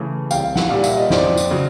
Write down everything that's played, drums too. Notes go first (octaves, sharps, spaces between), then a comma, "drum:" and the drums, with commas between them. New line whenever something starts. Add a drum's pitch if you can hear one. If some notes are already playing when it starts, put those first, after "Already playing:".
Already playing: C#3 E3 A3
C2 F5 G5, drum: tambourine
F#5, drum: snare
A#2 G3 A#3 F5
E5, drum: tambourine
D#5
F2 C5 D5, drum: snare
drum: tambourine
C#3 F#3